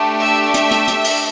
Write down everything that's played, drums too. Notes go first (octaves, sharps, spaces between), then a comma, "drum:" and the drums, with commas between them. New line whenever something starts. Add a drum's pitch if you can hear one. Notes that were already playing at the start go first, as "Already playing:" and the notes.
Already playing: A3 D4 G4
E5
E5, drum: hi-hat
drum: hi-hat
drum: hi-hat
drum: open hi-hat